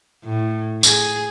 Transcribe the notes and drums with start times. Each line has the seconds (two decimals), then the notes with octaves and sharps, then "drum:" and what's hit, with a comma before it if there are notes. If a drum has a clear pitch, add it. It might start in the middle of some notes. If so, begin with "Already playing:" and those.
0.24 A2
0.83 G#4, drum: tambourine